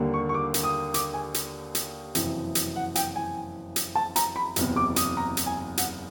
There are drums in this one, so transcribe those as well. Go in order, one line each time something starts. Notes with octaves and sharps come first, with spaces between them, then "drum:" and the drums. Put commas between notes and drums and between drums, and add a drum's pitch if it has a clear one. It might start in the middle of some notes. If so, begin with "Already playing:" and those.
Already playing: D#2 D3 G3 A#3
C#6
C#6
D6
drum: hi-hat
D#6
D6, drum: hi-hat
G#5
drum: hi-hat
drum: hi-hat
F#1 F2 C3 E3, drum: hi-hat
drum: hi-hat
F#5
G5, drum: hi-hat
G#5
drum: hi-hat
A5
A#5, drum: hi-hat
B5
F#1 E2 C3, drum: hi-hat
D6
D#6, drum: hi-hat
A#5
drum: hi-hat
G#5
F#5, drum: hi-hat